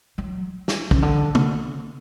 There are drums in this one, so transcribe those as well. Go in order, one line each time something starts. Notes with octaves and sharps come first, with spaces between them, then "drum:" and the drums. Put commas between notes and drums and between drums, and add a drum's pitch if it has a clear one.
F#3
drum: snare
C#3, drum: kick
D3
drum: tom